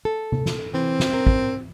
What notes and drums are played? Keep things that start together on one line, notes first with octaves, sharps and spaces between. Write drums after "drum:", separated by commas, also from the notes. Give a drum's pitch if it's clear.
A4
drum: tom C3
drum: snare
E3 C4
drum: snare
A#4
drum: kick